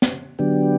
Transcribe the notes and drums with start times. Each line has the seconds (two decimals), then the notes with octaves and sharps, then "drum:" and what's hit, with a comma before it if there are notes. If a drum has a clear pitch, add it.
0.02 drum: snare
0.39 D3 F#3 B3 D4 G4